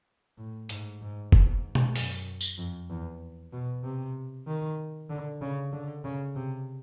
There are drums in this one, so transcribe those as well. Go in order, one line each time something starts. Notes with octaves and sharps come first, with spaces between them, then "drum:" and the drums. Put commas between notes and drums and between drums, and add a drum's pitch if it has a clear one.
A2
G#2, drum: hi-hat
G#2
G#2, drum: kick F#1
drum: tom B2
F#2, drum: open hi-hat
drum: tambourine
F2
E2
B2
C3
D#3
D3
C#3
D3
C#3
C3